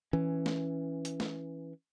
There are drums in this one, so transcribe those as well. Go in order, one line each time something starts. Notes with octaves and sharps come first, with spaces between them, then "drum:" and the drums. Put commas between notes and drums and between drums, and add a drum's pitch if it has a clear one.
E3 C#4
drum: snare
drum: hi-hat
drum: snare